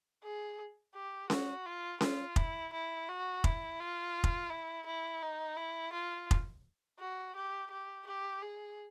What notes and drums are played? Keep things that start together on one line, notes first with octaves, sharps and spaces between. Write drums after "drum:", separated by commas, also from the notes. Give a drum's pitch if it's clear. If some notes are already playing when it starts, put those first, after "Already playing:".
G#4
G4
F#4, drum: snare C#4
F4
F4, drum: snare C#4
E4, drum: kick F1
E4
F#4
E4, drum: kick F1
F4
drum: kick F1
E4
E4
D#4
E4
F4
drum: kick F1
F#4
G4
G4
G4
G#4